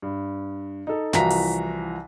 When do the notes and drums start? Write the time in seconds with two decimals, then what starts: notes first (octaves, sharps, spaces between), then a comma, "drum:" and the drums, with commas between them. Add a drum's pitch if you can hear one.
0.02 G2
0.87 D#4 A4
1.13 C2 E3 F3 F#4 A#5 B6, drum: snare
1.30 drum: open hi-hat